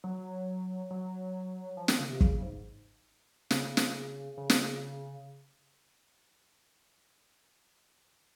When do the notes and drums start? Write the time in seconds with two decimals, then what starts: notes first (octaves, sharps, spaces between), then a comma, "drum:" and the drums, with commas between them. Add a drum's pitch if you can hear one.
0.04 F#3
0.91 F#3
1.77 F3
1.88 D#3, drum: snare
1.99 C#3
2.10 C3
2.21 C#3, drum: kick
2.42 G#2
3.51 C#3, drum: snare
3.77 drum: snare
4.37 C#3
4.50 drum: snare